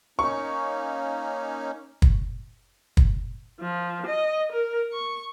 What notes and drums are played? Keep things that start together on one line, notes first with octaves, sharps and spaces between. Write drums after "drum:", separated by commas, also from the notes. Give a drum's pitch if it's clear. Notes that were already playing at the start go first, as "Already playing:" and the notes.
A#3 C#4 D#4 C#6
drum: kick
drum: kick
F3
D#5
A#4
C#6